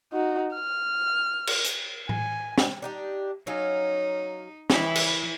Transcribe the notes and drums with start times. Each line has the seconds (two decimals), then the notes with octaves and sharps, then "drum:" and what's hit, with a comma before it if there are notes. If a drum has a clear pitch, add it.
0.13 D#4 F#4
0.54 F6
1.47 drum: cymbal
1.64 drum: hi-hat
2.09 G#5, drum: tom A2
2.58 drum: snare
2.82 D4 D#4 G4
3.47 F#3 C#4 D#4 F5
4.70 C#3 E3 E4 D#5, drum: snare
4.96 drum: cymbal